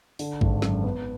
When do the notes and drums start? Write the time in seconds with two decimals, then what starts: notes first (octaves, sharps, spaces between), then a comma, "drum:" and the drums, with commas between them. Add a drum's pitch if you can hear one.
0.19 D3, drum: open hi-hat
0.41 G#1, drum: kick A1
0.62 F#2, drum: snare
0.84 B3